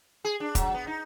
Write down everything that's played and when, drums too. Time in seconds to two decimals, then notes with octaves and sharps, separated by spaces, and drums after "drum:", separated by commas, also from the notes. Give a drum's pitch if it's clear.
0.25 G#4
0.40 D4
0.55 F#3, drum: kick, hi-hat
0.74 B3
0.87 D#4